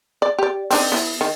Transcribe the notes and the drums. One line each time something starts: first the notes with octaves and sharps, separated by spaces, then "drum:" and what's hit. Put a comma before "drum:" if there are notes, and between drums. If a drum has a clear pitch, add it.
D5
G4 D5
C4 D4 D#4, drum: open hi-hat
B3 E4
D#3